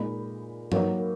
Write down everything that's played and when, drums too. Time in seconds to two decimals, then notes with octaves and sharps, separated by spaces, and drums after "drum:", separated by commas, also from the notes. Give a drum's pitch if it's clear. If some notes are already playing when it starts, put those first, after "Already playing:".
Already playing: A#2 G#3 D#4 B5
0.72 F#3 A#3 D#4, drum: tom G2